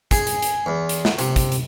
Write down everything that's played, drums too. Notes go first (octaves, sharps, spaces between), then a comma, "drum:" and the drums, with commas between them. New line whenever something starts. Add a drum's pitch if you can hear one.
G#4, drum: kick, hi-hat
drum: hi-hat
drum: hi-hat
E2
drum: hi-hat
drum: snare
C3, drum: hi-hat
drum: kick, hi-hat
drum: hi-hat